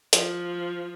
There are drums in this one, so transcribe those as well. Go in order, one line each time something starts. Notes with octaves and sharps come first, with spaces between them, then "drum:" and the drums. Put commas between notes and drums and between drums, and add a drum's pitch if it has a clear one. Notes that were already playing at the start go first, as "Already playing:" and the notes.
F3, drum: hi-hat